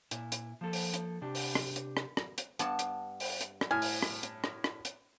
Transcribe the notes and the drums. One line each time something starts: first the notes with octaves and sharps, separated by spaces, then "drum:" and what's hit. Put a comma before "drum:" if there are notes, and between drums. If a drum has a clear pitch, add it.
A#2 E4, drum: hi-hat
drum: hi-hat
F3 A#3 A4
drum: open hi-hat
drum: hi-hat
C3 D4 G4
drum: open hi-hat
drum: rim click
drum: hi-hat
drum: rim click
drum: rim click
drum: hi-hat
G2 B3 A5, drum: hi-hat
drum: hi-hat
drum: open hi-hat
drum: hi-hat
drum: rim click
A2 G#5 F6
drum: open hi-hat
drum: rim click
drum: hi-hat
drum: rim click
drum: rim click
drum: hi-hat